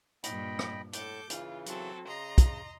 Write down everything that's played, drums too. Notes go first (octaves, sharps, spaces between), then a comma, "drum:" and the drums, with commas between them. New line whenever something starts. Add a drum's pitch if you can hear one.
G2 A#2 D#5 G5 B5, drum: hi-hat
drum: rim click
A2 A4 D6 G6, drum: hi-hat
C#3 E3 F4, drum: hi-hat
F#3 C4 A4, drum: hi-hat
C#3 D#5 A#5 C6
drum: kick, hi-hat